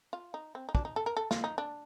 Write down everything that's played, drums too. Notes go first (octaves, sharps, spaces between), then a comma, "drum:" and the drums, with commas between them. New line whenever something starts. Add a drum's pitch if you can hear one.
F4
D#4
C4
D#4
D4, drum: kick
D#4
A4
A#4
A4
F4, drum: snare
D#4
D4